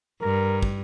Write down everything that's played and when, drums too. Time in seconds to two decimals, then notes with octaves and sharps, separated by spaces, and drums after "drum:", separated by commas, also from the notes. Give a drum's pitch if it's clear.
0.21 G2 A#4
0.63 drum: kick